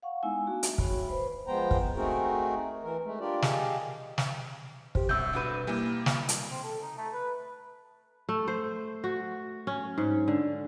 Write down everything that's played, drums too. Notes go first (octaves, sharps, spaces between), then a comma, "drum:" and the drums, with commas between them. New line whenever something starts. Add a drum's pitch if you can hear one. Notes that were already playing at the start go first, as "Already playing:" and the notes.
F5 F#5 C#6
G#3 B3 D#4 E4 G#5 E6
A3 D4 F#4
E5, drum: hi-hat
G3 F#4 G#4 C#5 B5 C#6, drum: kick
B4 C5 B5
F3 G#3 B3 C5 G5 A#5
drum: kick
A3 C4 D#4 F#4 G#4 A#4
E3 A#4
G#3 A3
D4 F4 G4 A#4 D5
G4 G#4 D#5 F5 A5, drum: snare
drum: snare
G4 C5, drum: kick
C2 F#2 B2 E6 G6
D4 F#4 B4
G3 A#3 E4 G#5
drum: snare
drum: hi-hat
C4
A4
D#4
A3
B4
A3
C5
F#4
C#4
G#2
D3